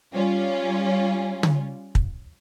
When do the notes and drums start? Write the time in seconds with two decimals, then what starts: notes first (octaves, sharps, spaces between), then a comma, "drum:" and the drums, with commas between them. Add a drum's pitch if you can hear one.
0.14 G3 C#4 F4
1.43 drum: tom
1.95 drum: kick